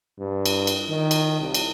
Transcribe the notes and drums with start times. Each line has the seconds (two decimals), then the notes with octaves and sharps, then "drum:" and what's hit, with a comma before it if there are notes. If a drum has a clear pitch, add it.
0.19 G2
0.46 drum: cymbal
0.67 drum: cymbal
0.89 D#3
1.11 drum: cymbal
1.40 C2
1.54 drum: cymbal